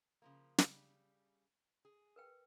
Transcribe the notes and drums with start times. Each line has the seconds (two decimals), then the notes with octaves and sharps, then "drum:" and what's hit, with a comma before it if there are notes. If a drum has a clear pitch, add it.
0.22 C#3 F3 A#3
0.58 C#3 G3, drum: snare
1.85 G#4
2.16 A#4 B4 G5